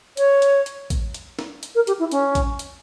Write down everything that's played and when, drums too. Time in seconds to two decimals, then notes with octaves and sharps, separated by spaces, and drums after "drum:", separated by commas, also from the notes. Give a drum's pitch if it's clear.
0.17 C#5, drum: hi-hat
0.42 drum: hi-hat
0.66 drum: hi-hat
0.90 drum: kick A1, hi-hat
1.14 drum: hi-hat
1.39 drum: snare
1.63 drum: hi-hat
1.75 A#4
1.87 G4, drum: hi-hat
1.99 E4
2.11 C#4, drum: hi-hat
2.35 drum: kick A1, hi-hat
2.59 drum: hi-hat